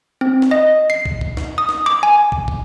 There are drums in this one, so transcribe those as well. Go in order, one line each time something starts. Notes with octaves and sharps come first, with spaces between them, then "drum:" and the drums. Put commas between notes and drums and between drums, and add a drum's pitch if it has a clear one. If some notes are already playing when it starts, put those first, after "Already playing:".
C4
drum: snare
D#5
C7
drum: kick
drum: kick
drum: snare
D#6
drum: snare
D6
G#5
drum: kick
drum: kick